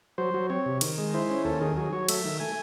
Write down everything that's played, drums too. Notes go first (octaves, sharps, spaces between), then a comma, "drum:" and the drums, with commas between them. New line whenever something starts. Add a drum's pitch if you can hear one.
F#3 C5
F#3
C4 C#5
C3
D#3, drum: cymbal
G#3
E4 C5
C#4
D#2 A4
D#3 G#4
F#3 G#4
F#3 C#5
A3 E5, drum: cymbal
D#3
A3 G#5